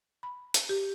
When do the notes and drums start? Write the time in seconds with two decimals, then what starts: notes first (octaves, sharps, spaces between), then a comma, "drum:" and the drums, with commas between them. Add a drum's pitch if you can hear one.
0.23 B5
0.54 drum: hi-hat
0.69 G4